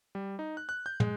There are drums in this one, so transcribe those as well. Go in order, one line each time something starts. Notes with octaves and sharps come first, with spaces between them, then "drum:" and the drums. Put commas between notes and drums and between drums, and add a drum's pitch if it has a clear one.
G3
D#4
F#6
F#6
G6
G#3, drum: tom